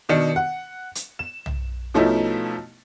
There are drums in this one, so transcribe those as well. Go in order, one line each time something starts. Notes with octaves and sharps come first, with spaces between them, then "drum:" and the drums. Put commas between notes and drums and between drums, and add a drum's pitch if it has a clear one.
B2 D#3 D4 C#7
F#5
drum: hi-hat
E7
drum: tom
B2 F3 A3 C#4 D#4 E4